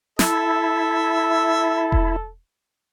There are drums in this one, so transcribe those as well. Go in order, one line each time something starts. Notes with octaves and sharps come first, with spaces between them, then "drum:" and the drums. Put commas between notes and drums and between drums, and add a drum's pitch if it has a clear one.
E4 A4 E5, drum: snare
drum: kick E1